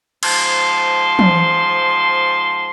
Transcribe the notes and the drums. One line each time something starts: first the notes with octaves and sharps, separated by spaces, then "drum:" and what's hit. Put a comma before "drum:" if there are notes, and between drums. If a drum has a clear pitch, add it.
G#2 F3 A5 C6, drum: cymbal
drum: tom